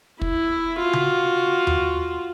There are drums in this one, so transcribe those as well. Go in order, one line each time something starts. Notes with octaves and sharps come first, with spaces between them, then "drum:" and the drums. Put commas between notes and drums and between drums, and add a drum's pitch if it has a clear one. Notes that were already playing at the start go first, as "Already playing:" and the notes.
E4, drum: kick
F4 F#4
drum: tom C#3
drum: tom D#2